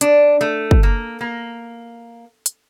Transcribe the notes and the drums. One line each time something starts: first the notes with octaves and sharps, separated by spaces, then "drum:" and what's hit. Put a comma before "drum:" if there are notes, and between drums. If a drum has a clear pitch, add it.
D4, drum: hi-hat
A3
drum: kick
A#3
A#3
drum: hi-hat